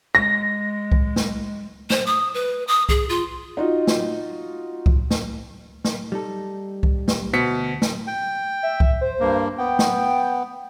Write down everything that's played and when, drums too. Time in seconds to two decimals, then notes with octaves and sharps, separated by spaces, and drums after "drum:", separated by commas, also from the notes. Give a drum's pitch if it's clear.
0.15 G#3 A#6
0.92 drum: kick C2
1.16 drum: snare
1.90 C5, drum: snare
2.06 D#6
2.34 B4
2.67 D#6
2.89 G#4, drum: kick C2
3.09 F4
3.57 D#4 F4 F#4
3.87 drum: snare
4.86 drum: kick C2
5.11 drum: snare
5.84 drum: snare
6.12 G3 D#4 A4
6.83 drum: kick C2
7.08 drum: snare
7.33 D2 B2 C5 E5 B6 C#7
7.82 drum: snare
8.07 G5
8.63 E5
8.80 drum: kick C2
9.01 C5
9.20 G2 A#3
9.58 B3 G5
9.79 drum: snare